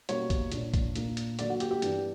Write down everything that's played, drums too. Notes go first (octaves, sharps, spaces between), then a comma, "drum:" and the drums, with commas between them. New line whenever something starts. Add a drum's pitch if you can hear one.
B2 G3 A#3 C#4 C#5, drum: hi-hat
drum: kick, hi-hat
A#2 A#3 D4, drum: hi-hat
drum: kick, hi-hat
A#2 A#3 D4, drum: hi-hat
drum: hi-hat
D3 F#3 A#3 D5, drum: hi-hat
F#4
G4, drum: hi-hat
G4
G2 E3 B3 D4, drum: hi-hat